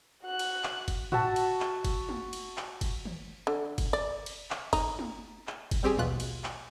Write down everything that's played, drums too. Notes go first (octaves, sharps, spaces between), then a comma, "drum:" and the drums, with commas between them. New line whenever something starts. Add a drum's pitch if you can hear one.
F#4 F#6
drum: cymbal
drum: clap
drum: kick, cymbal
F#4 E5 A5, drum: tom
drum: cymbal
drum: clap
drum: kick, cymbal
drum: tom
drum: cymbal
drum: clap
drum: kick, cymbal
drum: tom
D3
drum: kick, cymbal
D5
drum: cymbal
drum: clap
D#4, drum: kick, cymbal
drum: tom
drum: clap
drum: kick, cymbal
G3 C4 G4 G#4
A#1 D#2 B2 F4 F#6, drum: tom
drum: cymbal
drum: clap